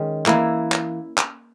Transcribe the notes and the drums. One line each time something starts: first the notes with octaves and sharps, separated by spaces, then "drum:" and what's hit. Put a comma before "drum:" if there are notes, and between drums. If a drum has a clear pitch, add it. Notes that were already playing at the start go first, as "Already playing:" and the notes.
Already playing: D#3 G#3 C#4
E3 A#3 E4, drum: clap
drum: clap
drum: clap